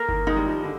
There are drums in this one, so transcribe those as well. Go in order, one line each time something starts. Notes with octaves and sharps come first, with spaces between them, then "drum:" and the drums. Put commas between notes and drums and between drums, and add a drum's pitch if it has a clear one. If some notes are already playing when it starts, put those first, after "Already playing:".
Already playing: A#3 A#4
D#3, drum: kick G1
G#3 D#4
G3
F3
D3